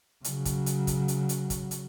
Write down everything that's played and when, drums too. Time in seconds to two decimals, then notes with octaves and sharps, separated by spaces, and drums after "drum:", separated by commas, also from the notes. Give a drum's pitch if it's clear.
0.24 C#3 F#3, drum: hi-hat
0.45 drum: kick, hi-hat
0.66 drum: hi-hat
0.87 drum: kick, hi-hat
1.08 drum: hi-hat
1.29 drum: hi-hat
1.50 drum: kick, hi-hat
1.71 drum: hi-hat